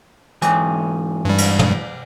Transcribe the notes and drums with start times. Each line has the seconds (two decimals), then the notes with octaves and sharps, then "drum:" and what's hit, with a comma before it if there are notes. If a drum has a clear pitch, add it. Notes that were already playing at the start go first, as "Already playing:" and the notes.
0.42 G#2 E3 G#5, drum: hi-hat
1.25 G2 G3
1.38 drum: cymbal
1.59 drum: tom